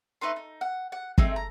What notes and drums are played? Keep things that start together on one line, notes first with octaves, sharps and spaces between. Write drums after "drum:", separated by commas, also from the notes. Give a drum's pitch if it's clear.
A3 D#4 B4 C6
D#4
F#5
F#5
A3 C4 D#4 G#4, drum: kick
A#5